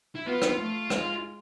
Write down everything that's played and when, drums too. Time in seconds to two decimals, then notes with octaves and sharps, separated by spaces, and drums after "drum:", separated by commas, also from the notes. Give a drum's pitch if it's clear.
0.15 E4
0.26 B3 F4
0.42 drum: rim click
0.57 A3
0.90 G#3, drum: rim click